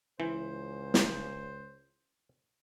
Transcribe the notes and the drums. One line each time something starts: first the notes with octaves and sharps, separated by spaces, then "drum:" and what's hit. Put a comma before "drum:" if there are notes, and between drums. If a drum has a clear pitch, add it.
C#2 E3 C5
drum: snare